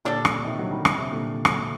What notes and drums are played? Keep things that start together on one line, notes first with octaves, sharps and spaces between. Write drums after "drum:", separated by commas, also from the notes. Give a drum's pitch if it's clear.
A#2 D3 G3 D4 A4
drum: rim click
C3 D#3
D3 F#3
D#3 G3
drum: rim click
C3
A#2 D3
D3 F#3, drum: rim click